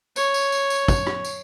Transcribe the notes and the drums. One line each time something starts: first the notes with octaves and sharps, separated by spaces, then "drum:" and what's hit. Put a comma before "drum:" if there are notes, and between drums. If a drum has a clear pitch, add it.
C#5, drum: tambourine
drum: tambourine
drum: tambourine
drum: tambourine
drum: kick, tambourine
drum: rim click
drum: tambourine